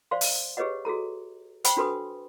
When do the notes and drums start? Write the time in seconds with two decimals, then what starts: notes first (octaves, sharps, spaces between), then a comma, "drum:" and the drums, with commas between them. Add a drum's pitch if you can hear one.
0.11 C5 D5 F5 C6
0.21 drum: open hi-hat
0.57 G4 G#4 B4 C#5 D#5 F#5
0.85 F#4 G#4 A4 A#5
1.64 C5 F#5 G5 B5, drum: hi-hat
1.77 D4 F#4 A4 B4 C6 D#6